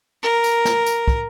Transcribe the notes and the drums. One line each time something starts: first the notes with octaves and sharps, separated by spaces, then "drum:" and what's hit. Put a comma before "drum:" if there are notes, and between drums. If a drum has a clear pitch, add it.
A#4
drum: tambourine
drum: snare
drum: tambourine
drum: kick